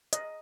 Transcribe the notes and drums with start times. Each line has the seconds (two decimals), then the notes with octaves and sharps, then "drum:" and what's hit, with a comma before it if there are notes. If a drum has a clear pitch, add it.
0.13 D#5, drum: hi-hat